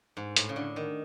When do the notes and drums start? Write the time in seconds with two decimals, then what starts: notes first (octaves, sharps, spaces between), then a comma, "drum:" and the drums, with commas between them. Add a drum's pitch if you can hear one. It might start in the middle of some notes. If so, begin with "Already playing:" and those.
0.17 G#2
0.36 A2, drum: hi-hat
0.49 C#3
0.56 D3
0.76 D#3